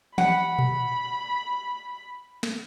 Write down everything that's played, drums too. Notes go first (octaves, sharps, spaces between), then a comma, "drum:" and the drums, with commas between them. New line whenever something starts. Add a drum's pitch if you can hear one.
F#5 B5, drum: tom E3
drum: tom A#2
drum: snare